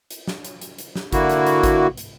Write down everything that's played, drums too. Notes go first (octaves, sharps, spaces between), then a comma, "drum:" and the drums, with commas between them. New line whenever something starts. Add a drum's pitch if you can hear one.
drum: hi-hat
drum: snare
drum: hi-hat
drum: hi-hat
drum: hi-hat
drum: snare
D3 A#3 E4 F#4, drum: kick G#1, hi-hat
drum: hi-hat
drum: hi-hat
drum: kick G#1, hi-hat
drum: hi-hat